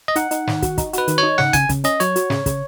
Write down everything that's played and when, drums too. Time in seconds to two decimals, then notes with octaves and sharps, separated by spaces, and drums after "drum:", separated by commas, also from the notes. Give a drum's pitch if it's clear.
0.08 D#5
0.16 D#4 F#5, drum: hi-hat
0.31 D#4, drum: hi-hat
0.47 D#3, drum: snare
0.62 F#4, drum: kick, hi-hat
0.78 D#4, drum: kick, hi-hat
0.93 F#4 B4, drum: hi-hat
1.08 D#3, drum: hi-hat
1.18 D#4 C#5
1.38 C#3 F#5, drum: snare
1.53 C#3 G#5, drum: kick, hi-hat
1.69 C#3, drum: kick, hi-hat
1.84 C#4 D#5, drum: hi-hat
2.00 F#3 C#5, drum: hi-hat
2.16 F#4, drum: hi-hat
2.30 C#3, drum: snare
2.46 C#3, drum: kick, hi-hat